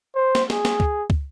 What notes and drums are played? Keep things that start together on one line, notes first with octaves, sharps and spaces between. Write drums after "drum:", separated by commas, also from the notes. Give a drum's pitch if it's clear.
C5
drum: snare
G#4, drum: snare
drum: snare
drum: kick
drum: kick